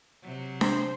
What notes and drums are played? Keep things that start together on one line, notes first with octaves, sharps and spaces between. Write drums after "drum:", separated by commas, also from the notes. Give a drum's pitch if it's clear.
C3 F#3
C5, drum: snare D4